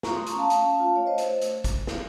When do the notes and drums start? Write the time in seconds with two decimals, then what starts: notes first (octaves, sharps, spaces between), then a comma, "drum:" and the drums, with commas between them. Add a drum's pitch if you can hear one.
0.03 F4 A#5 C#6, drum: snare
0.15 A3 C6 D#6
0.27 A#5 C#6, drum: hi-hat
0.34 C#4 F5 A5
0.50 C#4, drum: hi-hat
0.65 A3
0.80 F4
0.95 A3 C#5 F5
1.07 C5 D#5
1.11 A3
1.18 C5, drum: hi-hat
1.41 drum: hi-hat
1.64 drum: kick, hi-hat
1.87 drum: snare